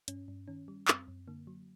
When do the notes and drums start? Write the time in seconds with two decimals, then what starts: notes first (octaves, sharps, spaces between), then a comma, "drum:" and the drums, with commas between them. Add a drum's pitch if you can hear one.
0.08 G2 C#4, drum: hi-hat
0.28 G2
0.48 D#3 C#4
0.68 G3
0.88 F#2 C4, drum: clap
1.08 F#2
1.28 D3 A#3
1.47 F#3